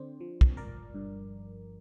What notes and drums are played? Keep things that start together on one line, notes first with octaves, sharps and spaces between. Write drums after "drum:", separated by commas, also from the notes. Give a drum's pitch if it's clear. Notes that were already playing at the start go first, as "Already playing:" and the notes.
Already playing: D3 C4 C5 D5
F3
drum: kick
G1 A#4 D5
G2